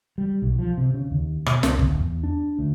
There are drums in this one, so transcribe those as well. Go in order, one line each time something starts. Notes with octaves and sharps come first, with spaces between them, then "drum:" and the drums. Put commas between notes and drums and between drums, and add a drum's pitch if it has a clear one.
G3
B1
F3
C3
C#3
D#2
B2, drum: rim click
C#2, drum: snare
D1, drum: kick
E2
D4
D2